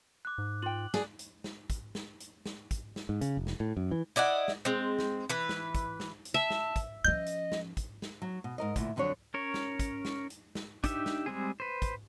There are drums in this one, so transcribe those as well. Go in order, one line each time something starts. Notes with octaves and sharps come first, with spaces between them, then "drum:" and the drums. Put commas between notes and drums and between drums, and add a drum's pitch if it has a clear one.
D6 F#6
G#2
F4 G5 F#7
G#4 D5, drum: snare
drum: hi-hat
drum: snare
drum: kick, hi-hat
drum: snare
drum: hi-hat
drum: snare
drum: kick, hi-hat
drum: snare
G#2
C#3, drum: hi-hat
F1
drum: snare
A2
F#2
E3
E4 D5 D#5 F#5
drum: snare
G#3 C4
drum: snare
E3 B4
drum: snare
drum: kick, hi-hat
drum: snare
drum: hi-hat
E5 A5
drum: snare
drum: kick, hi-hat
F3 C#4 D#5 G6
drum: hi-hat
drum: snare
drum: kick, hi-hat
drum: snare
F#3
B2
G#2 A#4 D#5
D2 A#2 E4, drum: kick, hi-hat
F2 D3 F#3 D4 C#5
C#4 A#4 C#5
drum: snare
drum: kick, hi-hat
drum: snare
drum: hi-hat
drum: snare
D4 D#4 G4 E5, drum: kick, hi-hat
drum: snare
G3 G#3 C4 G#4
B4 C5
drum: kick, hi-hat